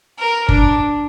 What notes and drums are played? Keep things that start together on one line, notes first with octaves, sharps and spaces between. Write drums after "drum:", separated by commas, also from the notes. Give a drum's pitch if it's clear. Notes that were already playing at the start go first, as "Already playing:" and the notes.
A#4
D4, drum: kick